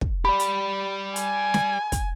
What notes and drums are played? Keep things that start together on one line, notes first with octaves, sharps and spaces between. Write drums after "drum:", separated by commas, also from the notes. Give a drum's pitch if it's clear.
drum: kick
G4 D5 B5
drum: hi-hat
G#5, drum: hi-hat
drum: snare
drum: kick, hi-hat